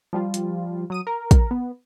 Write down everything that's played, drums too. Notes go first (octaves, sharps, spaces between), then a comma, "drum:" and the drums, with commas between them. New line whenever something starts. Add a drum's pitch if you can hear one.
F3 G3 F4
drum: hi-hat
F#3 D#6 D#7
A#4
drum: kick, hi-hat
B3